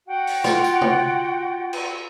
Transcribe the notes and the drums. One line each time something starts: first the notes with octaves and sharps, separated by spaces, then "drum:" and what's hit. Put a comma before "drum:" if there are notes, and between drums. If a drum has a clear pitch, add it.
F#4 F#5 G5
drum: open hi-hat
F4, drum: snare
drum: tambourine
drum: tom
drum: cymbal